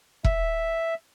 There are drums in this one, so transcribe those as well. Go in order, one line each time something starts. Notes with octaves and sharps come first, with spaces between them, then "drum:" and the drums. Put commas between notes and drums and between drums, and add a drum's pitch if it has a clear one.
E5, drum: kick E1